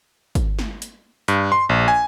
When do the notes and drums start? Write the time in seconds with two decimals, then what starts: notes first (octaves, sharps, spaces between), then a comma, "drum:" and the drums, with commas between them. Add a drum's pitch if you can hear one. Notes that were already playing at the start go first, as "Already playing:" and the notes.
0.35 drum: kick, hi-hat
0.59 drum: snare
0.82 drum: hi-hat
1.28 G2, drum: hi-hat
1.52 C6
1.69 A#1
1.88 G#5